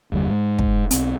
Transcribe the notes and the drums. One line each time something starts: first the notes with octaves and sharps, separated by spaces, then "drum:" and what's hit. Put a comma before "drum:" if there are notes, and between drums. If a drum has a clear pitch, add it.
F#1 D#2 D3 G3
G#2 G#3
drum: kick
B1 C4, drum: hi-hat